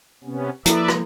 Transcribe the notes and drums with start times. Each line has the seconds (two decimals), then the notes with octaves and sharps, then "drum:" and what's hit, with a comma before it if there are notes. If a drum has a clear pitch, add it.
0.24 C3 B3 C#4
0.66 F3 A#3 E4 A4 B4 D5 E5, drum: hi-hat
0.88 drum: rim click